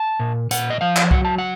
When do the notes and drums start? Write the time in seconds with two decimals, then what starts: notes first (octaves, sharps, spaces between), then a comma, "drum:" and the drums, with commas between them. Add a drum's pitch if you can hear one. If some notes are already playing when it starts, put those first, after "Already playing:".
Already playing: A5
0.20 A#2
0.51 A#2 F#5, drum: hi-hat
0.70 D#5
0.81 F3 F5
0.96 drum: clap
1.11 F#3 F#5, drum: kick C2
1.25 A5
1.38 F#5